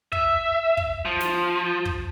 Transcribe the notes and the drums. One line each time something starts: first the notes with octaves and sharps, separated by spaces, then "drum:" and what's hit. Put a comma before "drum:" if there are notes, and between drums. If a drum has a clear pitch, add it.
E5, drum: kick
drum: kick
F3
drum: snare
drum: kick